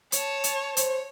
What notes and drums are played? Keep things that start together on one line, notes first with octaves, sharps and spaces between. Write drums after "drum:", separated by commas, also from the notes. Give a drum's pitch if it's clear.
C#5 A5, drum: hi-hat
drum: hi-hat
C5 C#5, drum: hi-hat